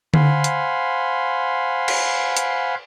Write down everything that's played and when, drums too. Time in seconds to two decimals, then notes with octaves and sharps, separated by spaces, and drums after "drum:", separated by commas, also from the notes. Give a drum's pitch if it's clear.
0.14 C5 F5 F#5 G#5 B5 C6, drum: tom D3
0.44 drum: hi-hat
1.88 drum: cymbal
2.37 drum: hi-hat